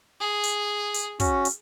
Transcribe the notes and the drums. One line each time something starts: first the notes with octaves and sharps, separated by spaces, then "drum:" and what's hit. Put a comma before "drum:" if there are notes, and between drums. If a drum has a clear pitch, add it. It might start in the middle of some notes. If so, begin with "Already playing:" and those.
G#4
drum: hi-hat
drum: hi-hat
C#4 F#4, drum: kick, hi-hat
drum: hi-hat